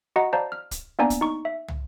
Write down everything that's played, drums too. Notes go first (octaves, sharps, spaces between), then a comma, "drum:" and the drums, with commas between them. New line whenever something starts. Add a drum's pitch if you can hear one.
F#4 D#5 F#5 A#5
C5 D5 F5 A5 A#5
F6
drum: kick, hi-hat
A#3 B3 D4 D5 G#5 A#5
drum: kick, hi-hat
D#4 C#6
E5
drum: tom